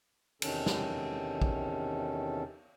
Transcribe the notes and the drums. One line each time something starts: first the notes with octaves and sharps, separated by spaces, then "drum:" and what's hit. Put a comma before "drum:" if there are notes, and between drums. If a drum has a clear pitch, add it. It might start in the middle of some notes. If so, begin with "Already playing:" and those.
E2 C3 D#3 C#4 A4, drum: cymbal
drum: snare
drum: kick A#1